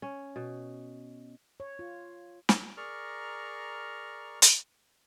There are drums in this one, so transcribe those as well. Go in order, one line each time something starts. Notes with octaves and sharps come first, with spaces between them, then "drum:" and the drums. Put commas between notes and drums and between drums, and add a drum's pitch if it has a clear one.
C#4
B2
C#5
F4
drum: snare
G#4 A#4 D5 A#5 C#6 F6
drum: hi-hat